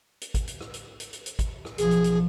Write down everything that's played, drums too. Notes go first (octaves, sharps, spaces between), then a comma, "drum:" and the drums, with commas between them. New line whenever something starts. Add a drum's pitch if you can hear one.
drum: hi-hat
drum: kick, hi-hat
drum: hi-hat
drum: rim click
drum: hi-hat
drum: hi-hat
drum: hi-hat
drum: hi-hat
drum: kick, hi-hat
drum: rim click
B1 F3 G#4, drum: hi-hat
drum: hi-hat
drum: hi-hat